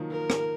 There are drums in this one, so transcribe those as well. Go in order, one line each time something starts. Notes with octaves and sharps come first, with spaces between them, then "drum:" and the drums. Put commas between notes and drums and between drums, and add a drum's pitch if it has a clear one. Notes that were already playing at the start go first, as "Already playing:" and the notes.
Already playing: D#3 F3 F#3 A#3
F3 A#4
drum: rim click